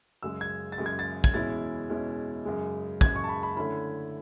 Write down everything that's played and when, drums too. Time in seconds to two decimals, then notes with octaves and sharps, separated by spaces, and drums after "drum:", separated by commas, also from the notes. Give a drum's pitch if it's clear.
0.23 F#2 C#3 G#3 E6
0.41 G#6
0.72 A6
0.78 F#2 C#3 G#3
0.86 G#6
0.99 A6
1.24 G#6, drum: kick
1.34 E2 B2 G#3 C#4 E4 A6
1.90 E2 B2 G#3 C#4 E4
2.45 F#2 C#3 G#3
3.01 F#2 C#3 G#3 G#6, drum: kick
3.16 C#6
3.24 A5
3.29 B5
3.43 B5
3.56 D3 A3 C#4 E4 B5